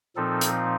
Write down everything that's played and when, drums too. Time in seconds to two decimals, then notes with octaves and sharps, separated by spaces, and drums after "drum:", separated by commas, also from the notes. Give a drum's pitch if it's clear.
0.16 A#2 F3 C4 D#4 A4
0.41 drum: hi-hat